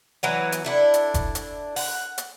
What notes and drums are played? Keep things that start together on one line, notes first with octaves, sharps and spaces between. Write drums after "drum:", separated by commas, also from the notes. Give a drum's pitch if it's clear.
E3 F#3 B3
drum: hi-hat
D4 E4 A4
drum: hi-hat
drum: kick F1, hi-hat
drum: hi-hat
F#5, drum: open hi-hat
drum: hi-hat